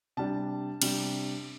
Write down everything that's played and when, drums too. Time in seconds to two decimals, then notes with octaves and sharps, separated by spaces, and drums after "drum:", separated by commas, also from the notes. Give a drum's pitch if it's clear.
0.17 C3 G3 D4 A5
0.82 C3 G3 D4, drum: cymbal